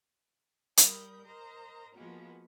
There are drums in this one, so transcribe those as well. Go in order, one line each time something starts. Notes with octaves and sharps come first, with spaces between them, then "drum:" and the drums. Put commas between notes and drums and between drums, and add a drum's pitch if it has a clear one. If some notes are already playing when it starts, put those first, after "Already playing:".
G3 A#4 B5 D#6 G6, drum: hi-hat
A#4 C5 D#5 A#5
F3 G#3 A#3 B3 F#4